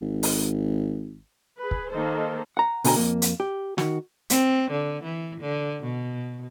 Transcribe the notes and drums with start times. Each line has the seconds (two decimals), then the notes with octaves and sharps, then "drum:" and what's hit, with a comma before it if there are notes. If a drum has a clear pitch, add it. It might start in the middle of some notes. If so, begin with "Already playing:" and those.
0.02 G#1
0.23 drum: open hi-hat
1.61 G#4 B4
1.71 drum: kick
1.92 D#3 A#3 D#4 A4 C5
2.57 F#5 A#5
2.84 B2 D3 G5 G#5 A#5, drum: open hi-hat
2.96 F2 A#3
3.22 drum: hi-hat
3.40 G4
3.78 D#3 F#4, drum: snare
4.30 C4, drum: hi-hat
4.71 D3
5.04 E3
5.41 D3
5.84 B2